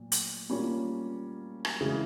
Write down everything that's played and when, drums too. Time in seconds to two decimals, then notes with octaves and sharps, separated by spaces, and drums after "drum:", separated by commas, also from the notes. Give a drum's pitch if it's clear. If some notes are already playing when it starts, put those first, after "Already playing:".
Already playing: A#2 F#3
0.12 drum: hi-hat
0.50 G3 A#3 C#4 F4
1.65 drum: rim click
1.81 C#3 E3 G#3